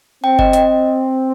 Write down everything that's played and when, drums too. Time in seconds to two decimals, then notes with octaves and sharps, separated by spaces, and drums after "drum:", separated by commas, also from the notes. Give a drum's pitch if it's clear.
0.24 C4 G5
0.39 D#5, drum: kick F#1
0.53 D#5, drum: hi-hat